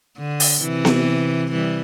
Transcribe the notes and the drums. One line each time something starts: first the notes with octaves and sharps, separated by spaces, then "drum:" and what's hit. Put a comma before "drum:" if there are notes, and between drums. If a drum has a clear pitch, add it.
D3
drum: open hi-hat
C3 E3
drum: snare B3
E3 G3